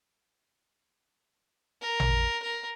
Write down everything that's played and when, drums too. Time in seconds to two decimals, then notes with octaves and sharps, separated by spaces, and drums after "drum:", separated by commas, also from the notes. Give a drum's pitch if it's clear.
1.82 A#4
2.00 drum: tom A1
2.43 A#4